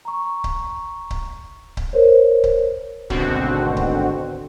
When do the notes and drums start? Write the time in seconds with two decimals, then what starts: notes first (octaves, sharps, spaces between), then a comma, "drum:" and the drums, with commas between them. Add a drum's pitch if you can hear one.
0.05 A#5 C#6
0.44 drum: kick C#1
1.10 drum: kick C#1
1.77 drum: kick C#1
1.93 A#4 C5 C#5
2.44 drum: kick C#1
3.10 G#1 D2 B2 D3 C4 F#4, drum: kick C#1
3.77 drum: kick C#1